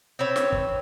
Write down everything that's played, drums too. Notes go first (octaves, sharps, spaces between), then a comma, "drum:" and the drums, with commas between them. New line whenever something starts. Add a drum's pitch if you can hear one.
C4 B4 C#5
drum: snare
drum: kick